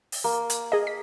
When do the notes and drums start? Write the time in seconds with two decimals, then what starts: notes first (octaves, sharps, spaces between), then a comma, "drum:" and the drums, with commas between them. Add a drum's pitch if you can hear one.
0.12 drum: open hi-hat
0.24 A#3
0.50 drum: hi-hat
0.72 G#4 D#5
0.87 B6